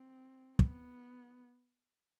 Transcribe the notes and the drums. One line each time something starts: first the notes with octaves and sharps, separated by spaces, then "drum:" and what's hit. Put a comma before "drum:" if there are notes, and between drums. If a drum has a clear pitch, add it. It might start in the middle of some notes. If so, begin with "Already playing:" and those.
Already playing: C4
B3, drum: kick